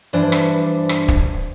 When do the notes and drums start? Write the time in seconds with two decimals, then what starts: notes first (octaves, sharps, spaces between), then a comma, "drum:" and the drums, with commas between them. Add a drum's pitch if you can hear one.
0.13 G2 E3 D4 C5 D5
0.32 drum: rim click
0.89 drum: rim click
1.08 drum: kick